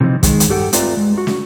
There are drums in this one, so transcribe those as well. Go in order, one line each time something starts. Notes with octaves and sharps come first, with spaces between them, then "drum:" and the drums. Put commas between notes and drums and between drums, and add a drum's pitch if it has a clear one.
C3 E3 F3 B3 C4 D#4
D#3 G#3, drum: kick, hi-hat
drum: hi-hat
G2 G4 A4 F#5 G5
A3 C4 F4 B4 D5 A#5, drum: hi-hat
G#3
F#4
drum: snare